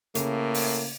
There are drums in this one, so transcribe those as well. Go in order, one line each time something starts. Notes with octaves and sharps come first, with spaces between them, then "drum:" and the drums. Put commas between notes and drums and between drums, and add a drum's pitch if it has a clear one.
A2 C#3 A#3, drum: hi-hat
drum: open hi-hat